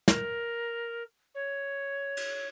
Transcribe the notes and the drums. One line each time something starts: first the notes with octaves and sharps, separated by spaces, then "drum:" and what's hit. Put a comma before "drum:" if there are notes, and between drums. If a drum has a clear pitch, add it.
A#4, drum: snare
C#5
drum: cymbal